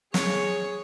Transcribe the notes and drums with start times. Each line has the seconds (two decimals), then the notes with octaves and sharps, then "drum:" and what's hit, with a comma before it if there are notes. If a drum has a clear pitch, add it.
0.14 G#4 C#5, drum: snare